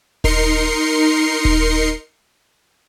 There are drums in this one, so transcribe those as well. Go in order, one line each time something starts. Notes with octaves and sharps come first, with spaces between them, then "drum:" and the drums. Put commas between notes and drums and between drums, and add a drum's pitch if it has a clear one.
D#4 A#4 C6 C7 C#7, drum: kick D#1
drum: kick D#1